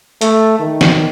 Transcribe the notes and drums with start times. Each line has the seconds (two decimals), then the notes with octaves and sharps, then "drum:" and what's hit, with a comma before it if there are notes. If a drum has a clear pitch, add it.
0.21 A3, drum: hi-hat
0.59 D#3
0.81 drum: snare